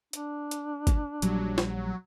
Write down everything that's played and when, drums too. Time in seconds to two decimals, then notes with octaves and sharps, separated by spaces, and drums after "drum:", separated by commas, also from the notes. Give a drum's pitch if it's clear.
0.13 D4, drum: hi-hat
0.51 drum: hi-hat
0.87 drum: kick G1, hi-hat
1.22 A#1 F#3 G3, drum: hi-hat
1.58 drum: snare